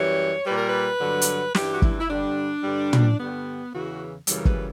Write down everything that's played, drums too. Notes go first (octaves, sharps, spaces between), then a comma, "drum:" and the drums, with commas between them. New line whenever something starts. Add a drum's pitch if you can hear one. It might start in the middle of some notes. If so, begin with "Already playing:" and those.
Already playing: F#2 E3 G3 C#5
A#2 G3 B4
A#4
B4
G2 D3 F#3
drum: hi-hat
G2 E3 G3 G4, drum: snare
F#4
E4, drum: kick
E4
G2 D3 G3 D4
G2 D3 G3
drum: tom
G2 D3 G3 B3
E2 C#3 E3 F#4
F#2 C#3 E3 G3, drum: hi-hat
A#4
B4, drum: kick